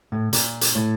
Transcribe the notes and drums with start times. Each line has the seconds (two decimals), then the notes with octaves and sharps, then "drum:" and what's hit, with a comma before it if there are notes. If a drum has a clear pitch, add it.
0.12 A2
0.33 A#2, drum: hi-hat
0.61 drum: hi-hat
0.75 A2